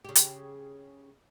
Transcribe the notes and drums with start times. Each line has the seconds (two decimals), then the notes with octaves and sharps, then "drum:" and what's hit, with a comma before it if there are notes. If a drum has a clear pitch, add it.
0.05 C#3 G4
0.15 drum: hi-hat